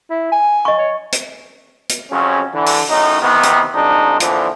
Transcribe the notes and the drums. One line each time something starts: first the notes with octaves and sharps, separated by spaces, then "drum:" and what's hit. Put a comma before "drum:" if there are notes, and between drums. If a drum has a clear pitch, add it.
E4
G#5
D#5 C#6
C#5
drum: hi-hat
drum: hi-hat
F2 C#3 F#3 C#4
D3 E3
drum: open hi-hat
F#2 A2 D#4
C3 D#3 E3 B3
drum: hi-hat
C2 F2 G#2 D4 D#4
A#2 D3 E3 F3, drum: hi-hat